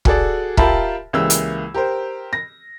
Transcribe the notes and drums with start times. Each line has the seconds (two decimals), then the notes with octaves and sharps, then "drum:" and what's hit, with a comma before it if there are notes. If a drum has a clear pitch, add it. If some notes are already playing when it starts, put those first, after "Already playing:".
0.05 F#4 G#4 A4 D5, drum: kick
0.57 F4 G4 A#4 E5 A5 B5, drum: kick
1.13 C#2 E3 A#3 G4 E6
1.30 drum: hi-hat
1.74 G4 A#4 C5
2.33 A#6